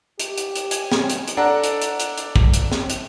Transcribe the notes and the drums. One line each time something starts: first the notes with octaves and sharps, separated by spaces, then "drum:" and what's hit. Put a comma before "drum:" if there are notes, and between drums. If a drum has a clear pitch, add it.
G4, drum: hi-hat
drum: hi-hat
drum: hi-hat
G#5, drum: hi-hat
drum: snare
drum: hi-hat
drum: hi-hat
D4 A4 D5 F#5 A#5
drum: hi-hat
drum: hi-hat
drum: hi-hat
drum: hi-hat
drum: kick
drum: hi-hat
drum: snare
drum: hi-hat